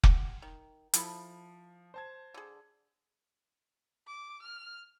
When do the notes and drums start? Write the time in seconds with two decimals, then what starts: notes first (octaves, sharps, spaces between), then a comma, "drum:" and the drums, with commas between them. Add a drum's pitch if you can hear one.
0.04 G4 F#5, drum: kick F1
0.42 D#3
0.94 F3 E4 A4 B5, drum: hi-hat
1.94 C5 A5 G#6
2.34 D3 G#4
4.07 D6
4.42 F6